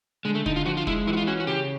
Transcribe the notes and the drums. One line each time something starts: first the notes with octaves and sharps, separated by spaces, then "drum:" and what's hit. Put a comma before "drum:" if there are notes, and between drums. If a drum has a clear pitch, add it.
D3 G#3
A3
D3 D#4, drum: kick
F4
F3 F#4
F4
G#3 E4, drum: kick
E3 E4
F#4
F4
C#4 F#4
F#4
C#3 G4